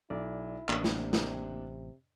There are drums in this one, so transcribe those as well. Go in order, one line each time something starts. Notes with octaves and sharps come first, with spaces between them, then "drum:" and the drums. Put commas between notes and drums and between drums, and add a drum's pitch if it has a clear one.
B1 E4 D5
A1 C3 A#3 D4, drum: clap
drum: snare
drum: snare